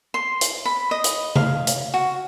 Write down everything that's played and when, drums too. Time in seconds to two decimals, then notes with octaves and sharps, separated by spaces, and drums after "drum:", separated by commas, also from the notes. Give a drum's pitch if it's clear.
0.14 C6
0.41 drum: hi-hat
0.65 B5
0.91 D#5
1.04 drum: hi-hat
1.35 F5, drum: tom C#3
1.67 drum: hi-hat
1.94 F#4